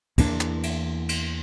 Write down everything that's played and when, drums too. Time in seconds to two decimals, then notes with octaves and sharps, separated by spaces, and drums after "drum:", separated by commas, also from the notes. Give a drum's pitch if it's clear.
0.18 E2 E3 A#3 D4, drum: kick, cymbal
0.41 drum: clap
0.63 drum: cymbal
1.09 drum: cymbal